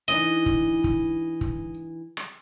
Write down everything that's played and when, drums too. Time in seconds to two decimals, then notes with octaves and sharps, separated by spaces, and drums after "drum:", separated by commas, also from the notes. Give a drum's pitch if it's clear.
0.08 E3 D4 D#4 D#5
0.46 drum: kick
0.84 drum: kick
1.41 drum: kick
2.17 drum: rim click